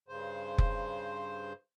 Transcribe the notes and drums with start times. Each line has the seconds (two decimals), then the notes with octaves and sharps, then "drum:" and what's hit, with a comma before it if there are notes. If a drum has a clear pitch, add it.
0.08 G2 C#3 C5
0.58 drum: kick F1